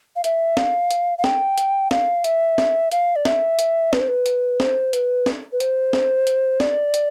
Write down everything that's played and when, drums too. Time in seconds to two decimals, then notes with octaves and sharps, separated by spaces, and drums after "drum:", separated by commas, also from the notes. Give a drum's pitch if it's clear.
0.16 F5
0.24 E5, drum: hi-hat
0.57 F5, drum: snare
0.91 drum: hi-hat
1.18 F5
1.24 G5, drum: snare
1.58 drum: hi-hat
1.91 F5, drum: snare
2.24 E5, drum: hi-hat
2.58 drum: snare
2.92 F5, drum: hi-hat
3.16 D5
3.25 E5, drum: snare
3.59 drum: hi-hat
3.93 B4, drum: snare
4.01 C5
4.08 B4
4.26 drum: hi-hat
4.60 C5, drum: snare
4.93 B4, drum: hi-hat
5.26 drum: snare
5.52 B4
5.60 C5, drum: hi-hat
5.93 drum: snare
6.27 drum: hi-hat
6.60 D5, drum: snare
6.94 drum: hi-hat